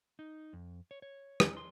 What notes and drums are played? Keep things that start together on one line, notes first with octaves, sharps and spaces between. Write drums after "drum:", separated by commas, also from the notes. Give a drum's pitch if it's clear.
D#4
F2
C#5
C#5
drum: rim click
C6